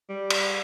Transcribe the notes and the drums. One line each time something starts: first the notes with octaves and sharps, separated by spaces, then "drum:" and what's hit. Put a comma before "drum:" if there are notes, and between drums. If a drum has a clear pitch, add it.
G3
drum: cymbal